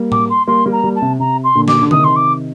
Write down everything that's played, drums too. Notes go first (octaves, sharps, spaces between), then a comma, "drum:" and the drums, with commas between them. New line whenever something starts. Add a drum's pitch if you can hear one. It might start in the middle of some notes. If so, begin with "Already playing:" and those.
Already playing: G3 A#3
D6, drum: tom A2
C6
G3 A#3 C6
G3 A#3
A#5
G3 A#3
A5
C3
C3 A#5
C6
A#2 D3
D6, drum: snare
D3
C3 D#3 D#6, drum: tom D3
C6
D6